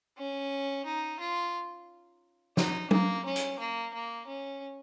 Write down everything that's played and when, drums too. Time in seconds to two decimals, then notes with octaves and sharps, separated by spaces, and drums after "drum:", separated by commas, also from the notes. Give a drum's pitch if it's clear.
0.17 C#4
0.85 D#4
1.20 F4
2.57 D#4, drum: snare
2.91 A#3, drum: tom
3.25 C#4
3.36 drum: hi-hat
3.59 A#3
3.93 A#3
4.27 C#4